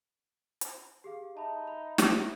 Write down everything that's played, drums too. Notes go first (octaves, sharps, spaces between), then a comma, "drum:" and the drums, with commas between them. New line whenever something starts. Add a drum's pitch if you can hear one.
drum: hi-hat
G4 G#4 F5
D#4 E5 A5 B5
B5
drum: snare